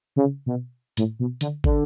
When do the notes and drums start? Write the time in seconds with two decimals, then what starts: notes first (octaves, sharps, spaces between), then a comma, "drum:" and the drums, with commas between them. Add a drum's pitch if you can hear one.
0.16 C#3
0.46 B2
0.97 A2, drum: hi-hat
1.19 B2
1.41 D3, drum: hi-hat
1.64 D3, drum: kick